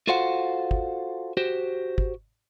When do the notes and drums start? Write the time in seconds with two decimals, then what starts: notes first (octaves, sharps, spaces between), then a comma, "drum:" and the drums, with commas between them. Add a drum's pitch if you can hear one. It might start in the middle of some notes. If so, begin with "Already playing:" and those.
0.07 F4 F#4 A4 C5 F5 F#5
0.71 drum: kick
1.37 F#4 G4 C5
1.98 drum: kick